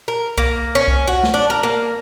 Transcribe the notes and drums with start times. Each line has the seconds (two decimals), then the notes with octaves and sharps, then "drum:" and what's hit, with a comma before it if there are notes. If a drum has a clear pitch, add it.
0.08 A#4
0.38 A#3, drum: kick C2
0.75 C#4
0.88 drum: kick C2
1.07 F#4
1.23 drum: snare
1.34 D4
1.50 A#4
1.63 A#3